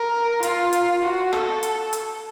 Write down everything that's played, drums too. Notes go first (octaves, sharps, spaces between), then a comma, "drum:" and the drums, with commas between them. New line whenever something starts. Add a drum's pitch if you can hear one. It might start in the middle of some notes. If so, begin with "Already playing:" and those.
Already playing: A#4
F4, drum: hi-hat
drum: hi-hat
F#4
A4, drum: rim click
drum: hi-hat
drum: hi-hat